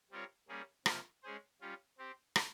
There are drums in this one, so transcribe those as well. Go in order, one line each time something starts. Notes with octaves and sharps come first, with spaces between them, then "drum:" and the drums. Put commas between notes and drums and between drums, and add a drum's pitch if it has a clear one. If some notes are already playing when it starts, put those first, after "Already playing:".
G3 C4 F4 A#4 C#5
G3 A#3 C#4 G#4
C3 F3 A#3, drum: rim click
G#3 C#4 G#4 C5
G3 C#4 F4
C4 G4 C5
drum: rim click